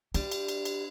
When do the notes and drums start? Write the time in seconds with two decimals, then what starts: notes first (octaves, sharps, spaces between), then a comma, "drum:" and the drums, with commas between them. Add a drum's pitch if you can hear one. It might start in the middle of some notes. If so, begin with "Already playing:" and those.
0.14 G3 D4, drum: cymbal
0.32 drum: cymbal
0.48 drum: cymbal
0.65 drum: cymbal